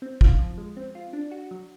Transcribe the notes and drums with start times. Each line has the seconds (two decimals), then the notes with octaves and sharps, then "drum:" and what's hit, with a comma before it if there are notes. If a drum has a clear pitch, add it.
0.02 C4
0.21 F4, drum: kick
0.39 F3
0.58 G#3
0.77 C4
0.95 F4
1.13 D4
1.31 F#4
1.51 F#3